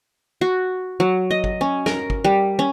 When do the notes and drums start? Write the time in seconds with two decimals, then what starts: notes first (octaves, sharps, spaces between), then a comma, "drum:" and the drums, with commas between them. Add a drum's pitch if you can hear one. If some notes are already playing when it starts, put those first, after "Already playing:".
0.41 F#4
1.00 F#3
1.31 D#5
1.44 drum: kick
1.61 C#4
1.86 A#4, drum: snare
2.10 drum: kick
2.24 G3
2.59 C#4